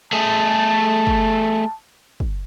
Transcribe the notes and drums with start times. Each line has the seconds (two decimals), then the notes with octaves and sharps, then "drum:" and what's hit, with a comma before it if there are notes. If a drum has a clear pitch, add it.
0.12 A3 G#4 A5
1.07 drum: kick
2.20 drum: kick